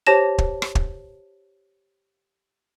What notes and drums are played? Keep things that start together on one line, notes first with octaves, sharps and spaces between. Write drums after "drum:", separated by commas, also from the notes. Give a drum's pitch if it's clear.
G4 C5 C#5 A5 A#6 E7
drum: kick
drum: rim click
drum: kick